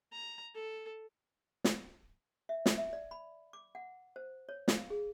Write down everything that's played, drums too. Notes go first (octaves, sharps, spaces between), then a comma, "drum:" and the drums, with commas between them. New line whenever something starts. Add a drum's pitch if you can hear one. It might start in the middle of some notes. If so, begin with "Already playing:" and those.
A#5
A4
drum: snare
E5
drum: snare
E5
D5
B5
D6
F#5
C5
C#5
F5, drum: snare
G#4